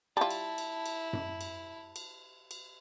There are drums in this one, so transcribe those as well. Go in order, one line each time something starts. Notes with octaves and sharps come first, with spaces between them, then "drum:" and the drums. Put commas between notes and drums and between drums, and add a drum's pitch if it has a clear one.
G3 E4 F4 A5
drum: cymbal
drum: cymbal
drum: cymbal
drum: tom F#2
drum: cymbal
drum: cymbal
drum: cymbal